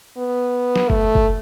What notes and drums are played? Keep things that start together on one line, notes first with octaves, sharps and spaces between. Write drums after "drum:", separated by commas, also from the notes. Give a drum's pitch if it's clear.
B3
drum: snare
A3, drum: kick F#1
drum: kick F#1